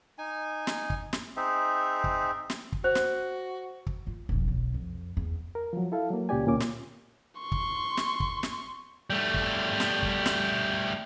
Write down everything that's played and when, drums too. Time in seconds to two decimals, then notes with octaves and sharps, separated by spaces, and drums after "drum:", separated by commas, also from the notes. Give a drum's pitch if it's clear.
0.18 D#4 G#5
0.67 drum: snare
0.90 drum: kick
1.13 drum: snare
1.37 C4 D#4 G#4 E5
2.04 drum: kick
2.50 drum: snare
2.72 drum: kick
2.84 F#4 C5
2.95 drum: snare
3.87 drum: kick
4.07 F4
4.29 E1 A#1
4.48 B1
4.74 F2
5.17 E2
5.55 A#4
5.73 F3 F#3
5.92 E4 A4 F5
6.10 F#3 A#3
6.29 C#2 A#2 C#4 G4 D5 G#5
6.47 D2 A#2 A#3 C#4 D6
6.60 drum: snare
7.41 C6 C#6
7.52 drum: kick
7.97 drum: snare
8.20 drum: kick
8.43 drum: snare
9.10 G3 A3
9.34 drum: kick
9.80 drum: snare
10.03 drum: kick
10.26 drum: snare